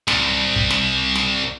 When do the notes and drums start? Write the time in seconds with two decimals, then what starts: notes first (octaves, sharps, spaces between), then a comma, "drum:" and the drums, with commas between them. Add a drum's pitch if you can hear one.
0.08 C2, drum: snare
0.56 drum: kick
0.70 drum: snare
1.15 drum: snare